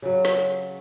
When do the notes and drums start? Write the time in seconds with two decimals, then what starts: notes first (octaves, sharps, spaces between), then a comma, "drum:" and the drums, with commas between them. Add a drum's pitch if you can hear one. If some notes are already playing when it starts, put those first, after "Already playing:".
0.02 C#3 F#3
0.25 drum: snare